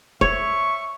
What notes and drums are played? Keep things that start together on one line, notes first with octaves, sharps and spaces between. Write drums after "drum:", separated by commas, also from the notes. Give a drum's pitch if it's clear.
C#5 E5 C#6, drum: kick E1